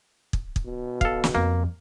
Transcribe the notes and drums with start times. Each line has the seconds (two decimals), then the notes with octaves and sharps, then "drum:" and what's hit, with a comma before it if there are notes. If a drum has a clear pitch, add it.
0.33 drum: kick
0.56 drum: kick
0.65 B2
1.01 A4 F5, drum: kick
1.24 drum: snare
1.35 F2 A#3